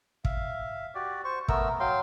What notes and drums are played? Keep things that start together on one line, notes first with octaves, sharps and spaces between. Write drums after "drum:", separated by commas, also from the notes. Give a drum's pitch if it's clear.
E5 F5, drum: kick
F#4 G4 D5
C5 C#6
A3 B3 A#4 E6, drum: kick
F#3 F5 G5 C6